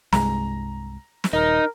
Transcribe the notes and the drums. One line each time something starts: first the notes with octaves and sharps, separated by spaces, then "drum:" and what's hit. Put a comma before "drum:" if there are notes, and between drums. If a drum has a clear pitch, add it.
C2 G2 G#3 A#5, drum: snare
drum: snare
D#1 D#4 A#4